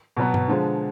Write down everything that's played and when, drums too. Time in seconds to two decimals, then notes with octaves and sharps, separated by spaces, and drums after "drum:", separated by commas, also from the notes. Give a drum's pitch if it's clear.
0.16 B2 F#3 B3
0.34 drum: tom G2
0.48 D3 F3 G#3